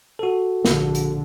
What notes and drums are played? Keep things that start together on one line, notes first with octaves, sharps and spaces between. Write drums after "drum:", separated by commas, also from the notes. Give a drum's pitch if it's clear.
F#4 A4
A#1 D3, drum: snare
drum: hi-hat